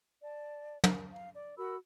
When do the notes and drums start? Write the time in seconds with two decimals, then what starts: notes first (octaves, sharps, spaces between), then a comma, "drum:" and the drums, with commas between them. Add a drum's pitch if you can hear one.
0.22 D5 A5
0.84 A#4, drum: tom
1.13 F5
1.35 D5
1.58 F#4 A#4 B5 E6